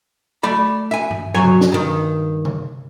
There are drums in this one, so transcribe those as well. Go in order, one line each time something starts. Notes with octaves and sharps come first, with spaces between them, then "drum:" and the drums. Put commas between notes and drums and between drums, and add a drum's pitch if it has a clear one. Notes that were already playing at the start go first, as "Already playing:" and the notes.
A3 D5 B5
E5 G#5
drum: tom G2
B1 F#3 C#5 G#5
drum: tom C3
drum: snare
G2 D#3
drum: tom C3